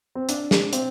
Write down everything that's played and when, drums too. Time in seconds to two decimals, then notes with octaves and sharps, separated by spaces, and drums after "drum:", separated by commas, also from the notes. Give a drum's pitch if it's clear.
0.15 C4
0.29 D4, drum: hi-hat
0.51 drum: snare
0.73 C4, drum: hi-hat